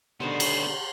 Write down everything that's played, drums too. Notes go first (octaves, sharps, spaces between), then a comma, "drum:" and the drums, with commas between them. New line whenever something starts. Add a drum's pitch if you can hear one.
B2 D3 D#3 G3 B3 C5 C6
drum: cymbal